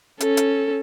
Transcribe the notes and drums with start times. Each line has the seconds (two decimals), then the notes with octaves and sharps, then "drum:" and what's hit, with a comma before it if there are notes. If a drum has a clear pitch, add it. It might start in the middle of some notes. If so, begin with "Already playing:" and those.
0.20 C#4 A4, drum: hi-hat
0.37 drum: hi-hat